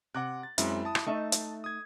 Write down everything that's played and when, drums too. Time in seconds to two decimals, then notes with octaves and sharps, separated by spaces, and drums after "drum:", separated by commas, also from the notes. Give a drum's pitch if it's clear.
0.14 C3 F#5 D6 F#6
0.43 A6
0.58 F#2 G#3 C4 E4, drum: hi-hat
0.85 A5 D#6
0.95 drum: rim click
1.06 A3 D#4 E5
1.32 drum: hi-hat
1.64 D#6 G#6